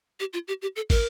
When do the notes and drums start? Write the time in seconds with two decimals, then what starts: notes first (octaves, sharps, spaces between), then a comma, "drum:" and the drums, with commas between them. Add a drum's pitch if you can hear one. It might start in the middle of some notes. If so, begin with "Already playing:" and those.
0.20 G4
0.33 F4
0.48 G4
0.62 G4
0.76 A4
0.90 A#4, drum: kick, open hi-hat